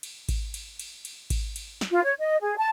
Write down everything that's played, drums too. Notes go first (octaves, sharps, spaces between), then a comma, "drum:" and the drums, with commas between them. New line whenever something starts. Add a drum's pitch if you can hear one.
drum: cymbal
drum: kick G#1, cymbal
drum: cymbal
drum: cymbal
drum: cymbal
drum: kick G#1, cymbal
drum: cymbal
drum: snare
F4
C#5
D#5
G#4
A5